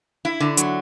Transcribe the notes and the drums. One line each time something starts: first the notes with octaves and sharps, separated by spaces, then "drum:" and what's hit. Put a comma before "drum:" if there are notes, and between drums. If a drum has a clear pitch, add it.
E4
D3
F#3, drum: hi-hat